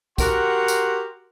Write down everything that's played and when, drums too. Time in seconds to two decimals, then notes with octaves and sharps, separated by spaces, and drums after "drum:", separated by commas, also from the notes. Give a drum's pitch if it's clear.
0.18 F#4 G4 A#4 F#5 C6, drum: kick B1, tambourine
0.68 drum: tambourine